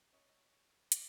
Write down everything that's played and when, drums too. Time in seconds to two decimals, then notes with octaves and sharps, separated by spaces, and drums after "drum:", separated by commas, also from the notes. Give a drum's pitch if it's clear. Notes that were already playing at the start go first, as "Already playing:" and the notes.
Already playing: A#2
0.13 C#5 D#5
0.92 D#3 G3 B3 D5 E5, drum: hi-hat